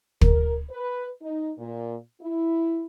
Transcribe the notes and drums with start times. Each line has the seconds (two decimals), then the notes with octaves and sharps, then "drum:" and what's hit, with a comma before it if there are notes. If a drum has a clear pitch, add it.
0.21 A#4, drum: kick
0.70 B4
1.22 D#4
1.58 A#2
2.21 E4